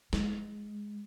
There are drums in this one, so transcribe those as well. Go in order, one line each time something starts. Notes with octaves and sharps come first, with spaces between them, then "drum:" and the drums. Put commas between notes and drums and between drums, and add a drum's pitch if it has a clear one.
G#3, drum: snare